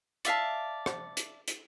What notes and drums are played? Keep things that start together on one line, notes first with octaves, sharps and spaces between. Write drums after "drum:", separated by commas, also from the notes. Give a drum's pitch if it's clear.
D5 E5 F5 A5, drum: hi-hat
drum: rim click
drum: hi-hat
drum: hi-hat